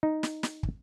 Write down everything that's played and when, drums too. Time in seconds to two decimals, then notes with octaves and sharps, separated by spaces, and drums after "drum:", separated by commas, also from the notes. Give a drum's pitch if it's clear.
0.03 D#4
0.23 drum: snare
0.43 drum: snare
0.63 drum: kick